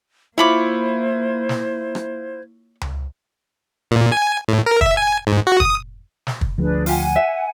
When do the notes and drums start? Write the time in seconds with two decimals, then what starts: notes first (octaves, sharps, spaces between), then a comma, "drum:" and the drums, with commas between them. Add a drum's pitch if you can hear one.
0.38 A#3 E4 F4 C5 C#5 B5 D6 G#6
1.49 drum: snare
1.95 drum: rim click
2.81 drum: tom C#2
3.91 A#2
4.12 G#5
4.48 A2
4.66 A#4
4.81 E5, drum: kick
4.97 G#5
5.27 G#2
5.47 F#4
5.60 D#6, drum: kick
6.27 drum: snare
6.41 drum: kick
6.58 D2 F3 D4 G#4 B4
6.86 F4 G4 F#5 G#5, drum: open hi-hat
7.16 E5